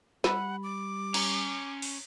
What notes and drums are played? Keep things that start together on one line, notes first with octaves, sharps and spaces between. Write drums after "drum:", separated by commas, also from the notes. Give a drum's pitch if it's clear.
G3 F#5 B5, drum: snare
D6
C#4 A#5, drum: cymbal
drum: open hi-hat